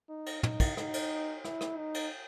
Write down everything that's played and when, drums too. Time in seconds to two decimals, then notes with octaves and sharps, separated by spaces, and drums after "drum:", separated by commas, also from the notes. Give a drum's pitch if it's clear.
0.09 D#4
0.26 drum: cymbal
0.43 D#4, drum: tom
0.60 drum: kick, cymbal
0.77 D#4, drum: rim click
0.94 drum: cymbal
1.45 E4, drum: rim click
1.61 drum: rim click
1.77 D#4
1.94 drum: cymbal